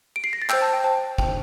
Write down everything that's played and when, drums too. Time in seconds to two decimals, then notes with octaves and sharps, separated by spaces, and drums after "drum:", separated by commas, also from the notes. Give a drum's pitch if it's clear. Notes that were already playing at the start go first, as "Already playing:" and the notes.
0.16 D7
0.24 C7
0.33 A#6
0.42 A6
0.49 C5 G5 E6 G6, drum: clap
0.62 A5
0.73 G5
0.84 C5 G5 A5
1.18 C5 G5, drum: kick